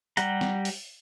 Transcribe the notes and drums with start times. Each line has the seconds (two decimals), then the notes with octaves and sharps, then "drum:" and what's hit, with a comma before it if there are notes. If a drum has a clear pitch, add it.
0.17 G3 G4 F#5 A#5, drum: hi-hat
0.41 drum: snare
0.65 drum: open hi-hat